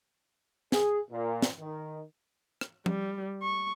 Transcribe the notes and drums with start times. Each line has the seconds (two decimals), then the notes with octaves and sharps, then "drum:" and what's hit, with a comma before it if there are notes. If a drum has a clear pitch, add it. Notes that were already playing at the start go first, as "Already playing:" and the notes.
0.72 G#4, drum: snare
1.11 A#2
1.42 drum: snare
1.59 D#3
2.61 drum: rim click
2.86 G3, drum: tom
3.42 C#6